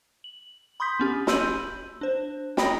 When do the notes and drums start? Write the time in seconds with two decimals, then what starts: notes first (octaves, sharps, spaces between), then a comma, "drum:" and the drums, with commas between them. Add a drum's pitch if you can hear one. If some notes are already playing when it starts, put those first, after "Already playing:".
0.24 F#7
0.80 B5 C6 D#6 G6 B6
1.00 B3 C#4 G4
1.27 B5 C6 E6 G6 D#7 F#7, drum: snare
2.01 D4 C5
2.57 G5 A#5 B5 D#6 A#6, drum: snare